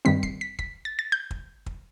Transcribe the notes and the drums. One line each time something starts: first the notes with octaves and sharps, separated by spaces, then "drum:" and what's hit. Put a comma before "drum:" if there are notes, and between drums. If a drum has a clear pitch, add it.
G2 D#3 G3 C4 B6
C7, drum: kick
B6
B6, drum: kick
A6
A6
G6
drum: kick
drum: kick